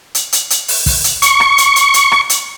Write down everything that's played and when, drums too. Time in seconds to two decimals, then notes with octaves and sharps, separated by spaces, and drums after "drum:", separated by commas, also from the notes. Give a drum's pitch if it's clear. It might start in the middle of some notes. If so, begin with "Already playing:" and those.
0.15 drum: hi-hat
0.32 drum: hi-hat
0.50 drum: hi-hat
0.68 drum: open hi-hat
0.86 drum: kick, open hi-hat
1.04 drum: hi-hat
1.22 C#6, drum: hi-hat
1.40 drum: rim click
1.58 drum: hi-hat
1.76 drum: hi-hat
1.94 drum: hi-hat
2.12 drum: rim click
2.30 drum: hi-hat